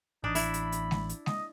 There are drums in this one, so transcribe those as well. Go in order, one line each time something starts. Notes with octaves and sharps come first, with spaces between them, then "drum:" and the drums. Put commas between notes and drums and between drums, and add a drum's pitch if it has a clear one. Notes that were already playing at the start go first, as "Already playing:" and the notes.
A1 D4 D#4
E4 B5, drum: open hi-hat
drum: hi-hat
drum: hi-hat
drum: snare G#3
drum: hi-hat
D#5, drum: snare G#3